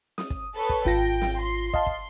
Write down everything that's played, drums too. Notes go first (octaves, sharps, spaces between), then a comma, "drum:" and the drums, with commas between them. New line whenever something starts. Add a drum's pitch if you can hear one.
D#6, drum: snare
drum: kick
A4 B4 C#5
drum: kick
G#1 F4 G5 A#6, drum: kick
drum: snare
C6
D#5 F5 A5, drum: kick
drum: kick